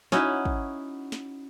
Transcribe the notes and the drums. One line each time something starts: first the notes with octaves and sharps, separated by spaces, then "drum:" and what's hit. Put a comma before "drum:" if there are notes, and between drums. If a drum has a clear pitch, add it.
C#4 D#4 E4 F#4, drum: snare
drum: kick
drum: snare